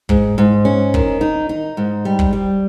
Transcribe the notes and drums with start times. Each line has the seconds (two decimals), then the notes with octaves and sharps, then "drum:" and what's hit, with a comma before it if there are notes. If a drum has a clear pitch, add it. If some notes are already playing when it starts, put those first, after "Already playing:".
0.09 G#2, drum: kick
0.38 G#2
0.65 C#4
0.94 D#3, drum: kick
1.21 D#4
1.49 D#4
1.77 G#2
2.05 G3
2.19 drum: kick
2.33 G3